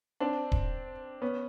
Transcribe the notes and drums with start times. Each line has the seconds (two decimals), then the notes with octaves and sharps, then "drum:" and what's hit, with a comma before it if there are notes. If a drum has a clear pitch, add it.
0.20 C4 D4
0.52 drum: kick D#1
1.22 B3 C#4